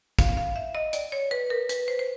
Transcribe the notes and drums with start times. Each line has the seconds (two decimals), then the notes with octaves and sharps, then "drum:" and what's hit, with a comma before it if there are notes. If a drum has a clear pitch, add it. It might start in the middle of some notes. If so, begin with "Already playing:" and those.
0.19 F5, drum: kick, hi-hat
0.37 F5
0.56 E5
0.75 D#5
0.93 D5, drum: hi-hat
1.12 C#5
1.31 B4
1.50 A#4
1.69 B4, drum: hi-hat
1.88 C5
1.99 C5